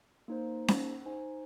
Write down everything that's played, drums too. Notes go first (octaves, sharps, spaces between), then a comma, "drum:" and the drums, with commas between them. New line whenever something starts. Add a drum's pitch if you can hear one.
A#3 D#4 C5
drum: snare C#4
D#4 C5 G#5